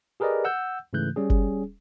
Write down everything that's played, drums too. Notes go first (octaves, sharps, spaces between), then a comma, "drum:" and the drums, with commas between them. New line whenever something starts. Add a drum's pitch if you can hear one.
G4 G#4 A#4 B4 D5 D#5
F#5 E6 G6
G#2 C#3 E3 A3 F#6 G6
G3 C#4 G#4
drum: kick F#1